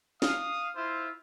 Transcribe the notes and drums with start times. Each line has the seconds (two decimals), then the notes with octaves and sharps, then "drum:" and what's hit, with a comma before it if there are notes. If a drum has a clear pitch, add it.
0.22 F5 D#6, drum: snare
0.76 E4 F4 C5 E5